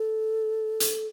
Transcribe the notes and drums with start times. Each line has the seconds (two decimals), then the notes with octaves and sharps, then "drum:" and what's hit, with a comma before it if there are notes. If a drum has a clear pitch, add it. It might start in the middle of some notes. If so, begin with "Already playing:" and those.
Already playing: A4
0.80 drum: hi-hat